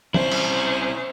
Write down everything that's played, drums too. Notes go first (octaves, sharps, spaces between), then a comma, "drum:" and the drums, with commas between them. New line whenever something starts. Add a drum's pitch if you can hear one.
C4 C#4 E4 C5, drum: tom
drum: cymbal